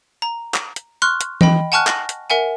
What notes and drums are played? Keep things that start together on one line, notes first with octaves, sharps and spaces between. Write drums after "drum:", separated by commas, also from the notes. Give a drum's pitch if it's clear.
A#5
drum: clap
drum: hi-hat
C6 C#6 F6 F#6
drum: hi-hat
D#5 G5 B5, drum: tom E3
F#5 G#5 A5 C#6 F6 F#6
A#6, drum: clap
drum: hi-hat
A#4 E5 F#5 G#5